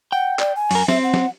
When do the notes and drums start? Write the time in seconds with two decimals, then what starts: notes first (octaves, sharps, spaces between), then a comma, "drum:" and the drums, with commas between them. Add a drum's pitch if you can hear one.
0.12 F#5 G5
0.39 D5, drum: clap
0.56 G#5
0.71 F#2 A#4, drum: open hi-hat
0.88 C4 E5, drum: snare
1.04 F#5
1.14 drum: snare